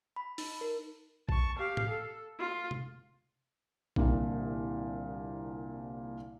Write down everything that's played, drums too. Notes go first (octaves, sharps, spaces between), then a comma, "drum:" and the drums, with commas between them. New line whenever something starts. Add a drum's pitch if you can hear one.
B5
D#4, drum: open hi-hat
A#4
A5 C#6, drum: kick A#1
G4 F5
drum: tom
A4
F4
drum: tom C3
C2 A#2 D3, drum: kick A#1